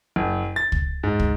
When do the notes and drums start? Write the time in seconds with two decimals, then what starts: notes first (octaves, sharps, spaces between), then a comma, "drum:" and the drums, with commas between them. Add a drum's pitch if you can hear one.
0.16 F#1
0.56 A6
0.72 drum: kick
1.03 G#2
1.20 drum: kick